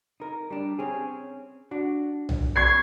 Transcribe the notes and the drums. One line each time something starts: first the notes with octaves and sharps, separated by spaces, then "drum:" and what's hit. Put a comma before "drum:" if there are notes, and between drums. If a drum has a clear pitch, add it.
D#4 A#4
G3 D4
C4 C#4 G#4
D4 F#4
drum: tom
C4 D5 B5 C#6 G#6 C7